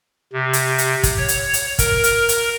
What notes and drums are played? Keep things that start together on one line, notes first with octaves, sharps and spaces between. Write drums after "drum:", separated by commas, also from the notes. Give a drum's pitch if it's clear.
C3
drum: hi-hat
drum: hi-hat
drum: kick, hi-hat
C#5
drum: hi-hat
drum: hi-hat
A#4, drum: kick, hi-hat
drum: hi-hat
drum: hi-hat